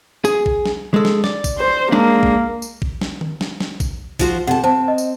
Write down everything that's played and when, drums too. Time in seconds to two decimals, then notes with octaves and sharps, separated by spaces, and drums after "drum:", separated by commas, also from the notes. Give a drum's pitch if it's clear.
0.25 G#4, drum: tambourine
0.46 drum: kick A1
0.65 drum: snare
0.94 G#3 A4
1.05 drum: snare
1.24 D5, drum: snare
1.44 drum: kick A1, tambourine
1.59 C5
1.92 G#3 A#3 D4
2.23 drum: kick A1
2.62 drum: tambourine
2.82 drum: kick A1
3.01 drum: snare
3.21 drum: tom D#3
3.41 drum: snare
3.60 drum: snare
3.80 drum: kick A1, tambourine
4.19 F3 F#4 C5, drum: kick A1, tambourine
4.47 C3 A4 F#5 A5
4.64 C4 C5 A5
4.88 D#5
4.98 drum: tambourine